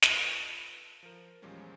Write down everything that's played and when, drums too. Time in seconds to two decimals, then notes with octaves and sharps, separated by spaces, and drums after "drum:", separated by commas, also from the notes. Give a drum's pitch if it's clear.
0.02 F4 A4 B4, drum: snare
1.03 F3 A#4
1.42 E2 A#2 F3 G3 G#3 C#4